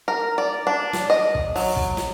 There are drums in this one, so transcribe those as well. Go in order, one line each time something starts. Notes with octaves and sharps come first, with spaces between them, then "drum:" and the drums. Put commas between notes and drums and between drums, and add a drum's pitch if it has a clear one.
A#4
D5
D4
drum: snare
D#5
drum: kick
F#3, drum: open hi-hat
drum: kick
drum: snare